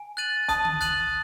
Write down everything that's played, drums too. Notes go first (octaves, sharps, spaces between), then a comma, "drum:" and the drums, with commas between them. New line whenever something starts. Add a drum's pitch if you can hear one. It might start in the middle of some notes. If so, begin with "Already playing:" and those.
Already playing: G#5
F#6 A6 D#7 F#7
A5 D#6, drum: kick, hi-hat
drum: tom D3
F#6 A6 D#7 F#7, drum: kick, hi-hat